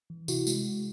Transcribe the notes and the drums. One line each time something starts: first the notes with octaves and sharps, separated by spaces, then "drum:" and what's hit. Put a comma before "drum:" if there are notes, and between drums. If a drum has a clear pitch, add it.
E3
C3 E4 F#4, drum: tambourine
G#3, drum: tambourine